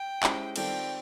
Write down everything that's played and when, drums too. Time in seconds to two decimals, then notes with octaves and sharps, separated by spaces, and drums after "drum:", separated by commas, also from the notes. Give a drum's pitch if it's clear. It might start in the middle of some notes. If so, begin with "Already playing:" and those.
Already playing: G5
0.23 G#3 C#4 E4 G4 C5, drum: clap
0.56 D#3 G3 C4 F4 A4 G5, drum: cymbal